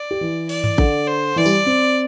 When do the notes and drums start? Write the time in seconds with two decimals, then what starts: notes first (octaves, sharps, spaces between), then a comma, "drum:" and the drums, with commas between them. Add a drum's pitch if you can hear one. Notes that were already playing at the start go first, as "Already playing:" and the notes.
Already playing: D5
0.11 G4
0.21 E3
0.49 D5, drum: cymbal
0.64 drum: tom G2
0.78 D3, drum: kick A1
1.07 C5
1.36 E3 D5
1.46 G3, drum: tambourine
1.66 C4